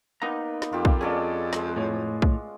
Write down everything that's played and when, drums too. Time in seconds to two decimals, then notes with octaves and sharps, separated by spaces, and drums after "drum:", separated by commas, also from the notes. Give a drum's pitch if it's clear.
0.22 A#3 B3 D#4 A#5
0.62 drum: snare
0.72 F2 F4 G4
0.85 drum: kick
1.01 C#4 G#4 A4 D5 D#5
1.53 G#3, drum: snare
1.76 A2 C#5
2.22 drum: kick